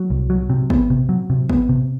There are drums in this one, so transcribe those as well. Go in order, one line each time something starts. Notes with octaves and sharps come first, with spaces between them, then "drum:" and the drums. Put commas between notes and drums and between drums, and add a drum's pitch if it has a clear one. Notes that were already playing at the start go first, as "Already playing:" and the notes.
Already playing: F#3
C2
F#3
C3
B3, drum: kick G#1
C3
F#3
C3
B3, drum: kick G#1
C3